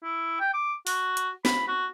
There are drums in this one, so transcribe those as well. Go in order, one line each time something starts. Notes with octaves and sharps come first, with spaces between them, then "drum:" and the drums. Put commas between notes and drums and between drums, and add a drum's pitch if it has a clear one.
E4
G5
D6
F#4, drum: open hi-hat
drum: hi-hat
B5, drum: snare
F#4